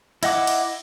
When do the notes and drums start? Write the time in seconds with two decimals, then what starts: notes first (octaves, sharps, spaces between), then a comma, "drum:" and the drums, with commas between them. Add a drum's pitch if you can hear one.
0.23 E4 D#5 F#5 D6, drum: cymbal
0.47 drum: cymbal